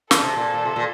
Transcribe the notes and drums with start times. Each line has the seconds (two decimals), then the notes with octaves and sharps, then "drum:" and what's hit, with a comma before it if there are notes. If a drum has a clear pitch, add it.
0.11 A#2 A4, drum: snare
0.23 C3
0.36 A#2
0.54 A#2
0.65 C3
0.76 A#2